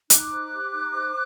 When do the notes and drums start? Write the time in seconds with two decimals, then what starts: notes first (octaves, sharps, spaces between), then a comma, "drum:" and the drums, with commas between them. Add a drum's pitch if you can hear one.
0.10 D#4 D6 F#6, drum: hi-hat
0.31 C5
0.51 G4
0.73 D#4
0.93 C5